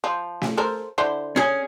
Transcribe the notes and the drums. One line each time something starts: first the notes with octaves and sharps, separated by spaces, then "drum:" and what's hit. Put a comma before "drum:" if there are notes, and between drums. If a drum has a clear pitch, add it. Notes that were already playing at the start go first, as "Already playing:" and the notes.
F3
drum: snare
A4 A#4 C5
D3 E4 C5
C#4 G#4